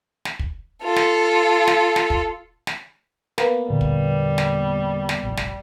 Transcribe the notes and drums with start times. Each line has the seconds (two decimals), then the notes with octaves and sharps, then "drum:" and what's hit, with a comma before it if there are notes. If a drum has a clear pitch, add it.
0.25 drum: snare
0.39 drum: kick
0.84 F4 A4
0.96 drum: snare
1.67 drum: snare
1.96 drum: snare
2.10 drum: kick
2.67 drum: snare
3.38 A#3 B3, drum: snare
3.70 E1 A#2 D3 G3
3.81 drum: kick
4.38 drum: snare
5.09 drum: snare
5.23 F1 A#1
5.37 drum: snare